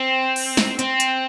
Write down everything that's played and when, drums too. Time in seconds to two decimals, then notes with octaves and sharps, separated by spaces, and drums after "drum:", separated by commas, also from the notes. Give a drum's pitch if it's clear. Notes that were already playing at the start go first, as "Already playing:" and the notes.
Already playing: C4
0.36 drum: open hi-hat
0.57 drum: snare
0.79 C4, drum: hi-hat
1.00 drum: hi-hat